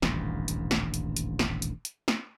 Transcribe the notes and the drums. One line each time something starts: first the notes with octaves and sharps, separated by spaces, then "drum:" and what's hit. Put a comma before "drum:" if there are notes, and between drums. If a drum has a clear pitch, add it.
D#1 A1 D2 G2, drum: snare
drum: hi-hat
drum: snare
drum: hi-hat
drum: hi-hat
drum: snare
drum: hi-hat
drum: hi-hat
drum: snare